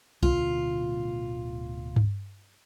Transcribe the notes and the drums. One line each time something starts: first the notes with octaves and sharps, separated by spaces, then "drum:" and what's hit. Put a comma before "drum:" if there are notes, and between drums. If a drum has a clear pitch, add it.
D1 D2 B2 F4, drum: kick B1
drum: tom G2